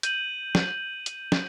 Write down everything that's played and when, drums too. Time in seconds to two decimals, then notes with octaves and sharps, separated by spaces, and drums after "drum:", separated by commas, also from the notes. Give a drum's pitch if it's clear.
0.03 G6 D#7 F#7, drum: hi-hat
0.55 drum: snare
1.06 drum: hi-hat
1.32 drum: snare